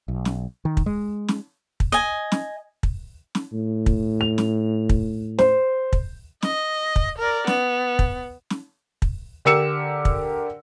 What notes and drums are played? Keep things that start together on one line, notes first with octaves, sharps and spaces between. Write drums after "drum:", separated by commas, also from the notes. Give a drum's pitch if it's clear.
B1
drum: snare
D#3
drum: kick
G#3
drum: snare
drum: kick
D#5 G#5
drum: snare
drum: kick
drum: snare
A2
drum: kick
F7
drum: snare
drum: kick
C5, drum: snare
drum: kick
D#5, drum: snare
drum: kick
A#4 D5
B3, drum: snare
drum: kick
drum: snare
drum: kick
D3 G4 A#4 E6 C#7 E7
drum: kick